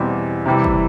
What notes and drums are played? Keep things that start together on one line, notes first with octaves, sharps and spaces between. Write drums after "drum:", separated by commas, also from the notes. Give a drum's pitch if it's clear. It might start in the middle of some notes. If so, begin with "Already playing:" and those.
Already playing: E2 B2 G3 C4
C3 E3 G3
drum: kick